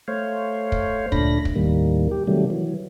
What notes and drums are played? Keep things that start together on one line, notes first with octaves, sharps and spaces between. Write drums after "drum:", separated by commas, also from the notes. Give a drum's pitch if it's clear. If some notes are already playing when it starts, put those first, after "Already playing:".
A3 C5 C#5 F5
drum: kick
D2 A#2 A3 D4 B5 A#6, drum: kick
drum: kick
D#2 A2 D#3 G3 A#3
G4
C3 D#3 F#3 G3 A3
E3 F#3